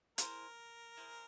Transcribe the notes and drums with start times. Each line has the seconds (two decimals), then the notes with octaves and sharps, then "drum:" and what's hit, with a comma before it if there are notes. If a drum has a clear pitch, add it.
0.18 E4 G#4 A#4 C5, drum: hi-hat
0.97 E4 G#4 C5